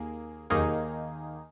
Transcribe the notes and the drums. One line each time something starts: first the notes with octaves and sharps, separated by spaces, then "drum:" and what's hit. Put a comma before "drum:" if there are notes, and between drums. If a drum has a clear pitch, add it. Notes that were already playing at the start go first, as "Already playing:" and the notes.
Already playing: D#2 A#3 G#4
D#2 D#3 A#3 D#4 G#4, drum: tom E2